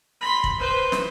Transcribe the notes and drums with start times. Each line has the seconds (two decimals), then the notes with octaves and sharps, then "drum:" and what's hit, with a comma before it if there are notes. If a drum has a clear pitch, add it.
0.21 B5 C6
0.44 drum: kick
0.60 B4 C5
0.92 drum: snare